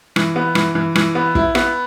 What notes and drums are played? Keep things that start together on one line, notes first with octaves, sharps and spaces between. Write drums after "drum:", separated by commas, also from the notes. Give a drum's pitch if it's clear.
E3, drum: rim click
B3
E3, drum: rim click
E3
E3, drum: rim click
B3
E4, drum: kick
B3, drum: rim click